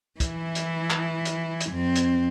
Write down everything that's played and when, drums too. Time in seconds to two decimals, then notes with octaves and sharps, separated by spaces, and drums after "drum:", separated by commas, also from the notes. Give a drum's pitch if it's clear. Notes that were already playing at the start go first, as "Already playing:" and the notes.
0.20 E3 E4, drum: kick, hi-hat
0.55 drum: hi-hat
0.90 drum: clap
1.25 drum: hi-hat
1.60 drum: hi-hat
1.70 F2 C4
1.96 drum: hi-hat